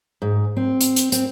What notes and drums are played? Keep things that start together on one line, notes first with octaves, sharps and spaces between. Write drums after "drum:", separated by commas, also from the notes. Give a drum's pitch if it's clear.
G#2
C4
drum: hi-hat
drum: hi-hat
C4, drum: hi-hat